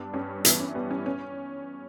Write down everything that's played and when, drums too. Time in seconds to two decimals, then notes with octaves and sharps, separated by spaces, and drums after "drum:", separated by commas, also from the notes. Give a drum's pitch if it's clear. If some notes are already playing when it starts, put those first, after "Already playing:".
Already playing: G2 B3 D4
0.14 G2 C#4
0.45 E3 B3, drum: hi-hat
0.60 C#4
0.75 G3 B3
0.91 C#4
1.06 C#4